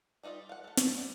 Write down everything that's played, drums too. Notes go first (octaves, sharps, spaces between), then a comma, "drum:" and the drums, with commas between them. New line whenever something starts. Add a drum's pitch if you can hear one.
G3 D#4 F4 D5 E5
F5 F#5
A3 A4
E4, drum: snare
G3 B3